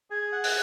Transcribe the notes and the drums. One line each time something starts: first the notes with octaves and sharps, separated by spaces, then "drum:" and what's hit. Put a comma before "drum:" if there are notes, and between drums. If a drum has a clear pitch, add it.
G#4 G#6
F#5
F#6, drum: open hi-hat